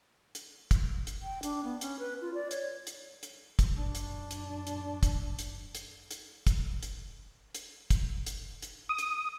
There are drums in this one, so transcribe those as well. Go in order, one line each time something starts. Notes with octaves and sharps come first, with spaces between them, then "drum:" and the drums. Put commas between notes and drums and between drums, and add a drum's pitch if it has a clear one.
drum: hi-hat
drum: kick, hi-hat
drum: hi-hat
G5
D4, drum: hi-hat
B3
C#4, drum: hi-hat
B4
F4
D5
C#5, drum: hi-hat
drum: hi-hat
drum: hi-hat
drum: kick, hi-hat
F#2 D4
drum: hi-hat
drum: hi-hat
drum: hi-hat
drum: kick, hi-hat
drum: hi-hat
drum: hi-hat
drum: hi-hat
drum: kick, hi-hat
drum: hi-hat
drum: hi-hat
drum: kick, hi-hat
drum: hi-hat
drum: hi-hat
D#6
drum: hi-hat